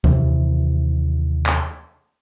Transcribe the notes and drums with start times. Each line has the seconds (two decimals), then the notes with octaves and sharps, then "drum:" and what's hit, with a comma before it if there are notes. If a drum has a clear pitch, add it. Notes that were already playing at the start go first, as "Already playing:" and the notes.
0.04 D#2 C3 E3, drum: kick
1.46 drum: clap